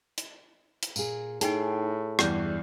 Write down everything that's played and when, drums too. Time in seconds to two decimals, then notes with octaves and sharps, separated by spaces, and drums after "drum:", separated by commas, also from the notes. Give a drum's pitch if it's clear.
0.18 drum: hi-hat
0.83 drum: hi-hat
0.96 A#2 G#4, drum: tambourine
1.41 A2 D#4 G#4 G5 A5, drum: hi-hat
2.19 E2 G2 E3 D5 G6, drum: rim click